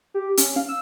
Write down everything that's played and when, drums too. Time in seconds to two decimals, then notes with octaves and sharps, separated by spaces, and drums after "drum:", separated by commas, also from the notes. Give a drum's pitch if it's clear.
0.14 G4
0.37 C#4, drum: hi-hat
0.56 F5
0.68 E6